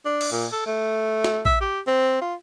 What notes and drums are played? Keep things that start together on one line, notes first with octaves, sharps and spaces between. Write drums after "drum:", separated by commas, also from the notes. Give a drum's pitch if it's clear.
D4
drum: cymbal
A#2
A4
A3
drum: snare
E5, drum: kick
G4
C4
F4